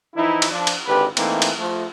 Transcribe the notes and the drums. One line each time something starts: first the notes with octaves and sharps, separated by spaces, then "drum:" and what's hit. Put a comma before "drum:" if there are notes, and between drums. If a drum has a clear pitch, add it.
E3 F3 D#4 E4
drum: cymbal
F3 D4
drum: cymbal
G#1 D3 G4 B4
E3 A3 A#3 C4 D#4, drum: cymbal
drum: cymbal
F3 A3